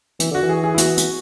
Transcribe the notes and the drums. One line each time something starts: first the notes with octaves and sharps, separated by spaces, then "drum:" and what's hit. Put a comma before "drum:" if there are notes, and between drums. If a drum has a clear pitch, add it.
E3, drum: hi-hat
D3 F#4
E3
G#4
G#4
E4
F#4, drum: hi-hat
drum: hi-hat